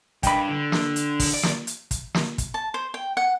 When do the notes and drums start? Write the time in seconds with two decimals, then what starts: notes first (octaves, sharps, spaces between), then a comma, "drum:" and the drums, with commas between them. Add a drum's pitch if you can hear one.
0.23 G2 G5 B5, drum: kick, hi-hat
0.48 D3
0.72 drum: snare
0.96 drum: hi-hat
1.20 drum: kick, open hi-hat
1.34 D5
1.43 drum: snare
1.67 drum: hi-hat
1.91 drum: kick, hi-hat
2.14 drum: snare
2.38 drum: kick, hi-hat
2.54 A5
2.74 C5
2.94 G5
3.17 F#5